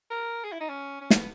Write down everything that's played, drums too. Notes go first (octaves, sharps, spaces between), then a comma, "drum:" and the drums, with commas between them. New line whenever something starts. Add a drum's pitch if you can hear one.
A#4
G#4
E4
D#4
C#4
C#4
B3, drum: snare